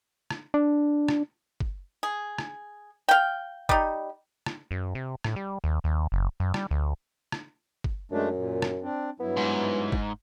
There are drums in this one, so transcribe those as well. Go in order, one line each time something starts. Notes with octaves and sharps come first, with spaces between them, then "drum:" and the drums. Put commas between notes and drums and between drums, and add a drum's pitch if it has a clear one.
drum: rim click
D4
drum: rim click
drum: kick
G#4
drum: rim click
F5 G5
G3 D#4, drum: kick
drum: rim click
F#2
C3
A2, drum: rim click
G3
D#2
D#2
F#1
F#2
G3, drum: rim click
D2
drum: rim click
drum: kick
F#2 G#3 A3 D4
A#2
drum: rim click
C4 D4
G2 F#3 B3 E4
G#2
drum: kick